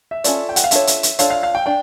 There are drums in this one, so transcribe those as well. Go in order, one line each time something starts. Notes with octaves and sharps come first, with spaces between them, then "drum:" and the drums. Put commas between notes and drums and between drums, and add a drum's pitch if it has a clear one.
E5
C#4 F4 A4 D5, drum: hi-hat
G5
F#5, drum: hi-hat
F5
D4 F4 A4 C#5 E5, drum: hi-hat
drum: hi-hat
drum: hi-hat
D4 F4 A4 C#5 F5, drum: hi-hat
F5
F5
G5
D4 G5